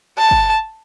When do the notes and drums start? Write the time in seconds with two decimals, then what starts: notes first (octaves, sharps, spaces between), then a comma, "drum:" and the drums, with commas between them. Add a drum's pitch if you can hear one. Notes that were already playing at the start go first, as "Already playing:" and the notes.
0.18 A5
0.31 drum: kick G1